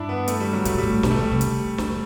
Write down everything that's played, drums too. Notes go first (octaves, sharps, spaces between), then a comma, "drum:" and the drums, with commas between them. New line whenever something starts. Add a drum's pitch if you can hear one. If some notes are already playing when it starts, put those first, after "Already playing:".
Already playing: G2 D4 E4
B3
A3, drum: hi-hat
G3
F#3
A2 A3, drum: hi-hat
B2
G3
A2
B2 G3, drum: snare
A3
E3 G3
C3
drum: hi-hat
E2, drum: snare